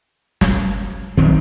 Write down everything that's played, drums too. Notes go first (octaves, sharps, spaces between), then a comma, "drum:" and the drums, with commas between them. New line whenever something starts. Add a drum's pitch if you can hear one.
drum: snare
A#1 D#3 F#3 C4